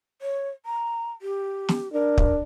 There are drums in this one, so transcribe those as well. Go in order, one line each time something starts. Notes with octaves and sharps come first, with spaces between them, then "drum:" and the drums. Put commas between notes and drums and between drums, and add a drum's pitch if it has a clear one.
C#5
A#5
G4
drum: snare
D4 A#4
drum: kick